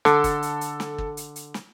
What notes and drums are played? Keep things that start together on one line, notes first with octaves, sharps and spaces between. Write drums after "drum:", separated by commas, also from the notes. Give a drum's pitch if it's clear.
D3 A4, drum: snare
drum: kick, hi-hat
drum: hi-hat
drum: hi-hat
drum: snare
drum: kick
drum: hi-hat
drum: hi-hat
drum: snare